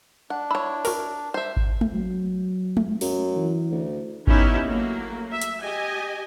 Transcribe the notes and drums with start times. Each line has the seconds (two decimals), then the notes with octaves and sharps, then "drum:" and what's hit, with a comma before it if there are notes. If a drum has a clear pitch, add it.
0.30 D4 F#5
0.51 E4 C#5 B5
0.85 F#4 A#4, drum: open hi-hat
1.34 C5 E5
1.57 drum: kick G#1
1.81 drum: tom G#3
1.93 F#3
2.77 drum: tom G#3
3.01 F#2, drum: open hi-hat
3.36 E3
3.71 D2
4.27 B3 C#4 D#4 E4 G4, drum: kick G#1
4.68 F#3 A3 A#3
5.31 E5
5.42 drum: hi-hat
5.61 G4 D#5 G#5